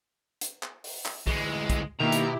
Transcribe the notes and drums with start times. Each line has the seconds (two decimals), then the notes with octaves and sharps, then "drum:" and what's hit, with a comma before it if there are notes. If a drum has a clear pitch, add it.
0.41 drum: hi-hat
0.63 drum: clap
0.84 drum: open hi-hat
1.06 drum: clap
1.27 D2 E3 G#3, drum: kick
1.70 drum: kick, hi-hat
2.00 B2 D#3 A#3 E4 G4 A#5
2.12 drum: hi-hat